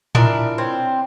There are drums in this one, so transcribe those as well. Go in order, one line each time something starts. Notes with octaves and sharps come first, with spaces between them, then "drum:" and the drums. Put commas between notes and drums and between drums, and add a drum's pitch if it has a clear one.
G#3 D4 E4 F4 A#4 D5 E5 A#5, drum: tom A2
C4 C#5